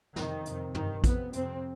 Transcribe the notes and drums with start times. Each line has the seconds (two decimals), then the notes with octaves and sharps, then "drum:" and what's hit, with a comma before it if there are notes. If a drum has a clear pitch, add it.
0.16 F2 C3 D#3, drum: snare
0.45 F2 C3, drum: hi-hat
0.75 G2 D#3, drum: tom
1.04 F2 C3 B3, drum: kick A#1, hi-hat
1.33 F2 C3 C4, drum: hi-hat